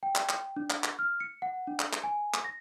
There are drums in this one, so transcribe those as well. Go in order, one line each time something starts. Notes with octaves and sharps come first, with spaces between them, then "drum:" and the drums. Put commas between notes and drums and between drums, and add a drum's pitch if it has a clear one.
G5
drum: clap
drum: clap
D4
drum: clap
drum: clap
F6
C#7
F#5
D4
drum: clap
drum: clap
G#5
drum: clap
A#6